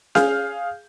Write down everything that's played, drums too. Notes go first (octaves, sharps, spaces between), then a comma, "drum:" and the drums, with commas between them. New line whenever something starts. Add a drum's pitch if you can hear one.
G#4 F5 F6 G6, drum: snare C#4